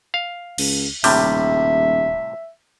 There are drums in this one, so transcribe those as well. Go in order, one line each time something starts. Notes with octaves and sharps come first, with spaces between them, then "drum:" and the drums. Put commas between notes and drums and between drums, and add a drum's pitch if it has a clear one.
F5
C#2, drum: cymbal
D#1 A2 C3 G3 E5, drum: open hi-hat